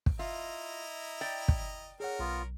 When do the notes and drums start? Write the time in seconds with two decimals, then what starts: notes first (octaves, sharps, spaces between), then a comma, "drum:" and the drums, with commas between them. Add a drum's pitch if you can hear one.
0.06 drum: kick
0.19 E4 F4 D#5 E5 A#5
1.21 D5 G5
1.48 drum: kick
2.00 C#4 G#4 A#4 C#5 F#5
2.19 B1 B3 F4